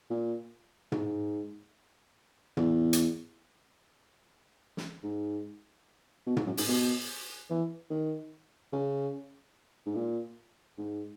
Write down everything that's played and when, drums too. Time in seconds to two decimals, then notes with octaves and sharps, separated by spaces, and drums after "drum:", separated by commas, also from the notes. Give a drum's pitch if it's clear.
0.10 A#2
0.92 G#2, drum: tom
2.57 E2, drum: tom
2.93 drum: hi-hat
4.77 drum: snare
5.03 G#2
6.27 B2
6.37 G#2, drum: tom
6.46 F#2
6.57 G#2, drum: open hi-hat
6.68 B2
7.50 E3
7.90 D#3
8.72 C#3
9.86 G#2
9.95 A#2
10.77 G#2